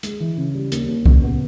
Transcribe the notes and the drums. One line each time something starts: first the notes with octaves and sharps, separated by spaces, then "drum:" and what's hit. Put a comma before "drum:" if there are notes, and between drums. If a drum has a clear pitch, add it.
G#3, drum: hi-hat
E3
C#3
G3
D#2, drum: hi-hat
D#2
C#3, drum: kick
B3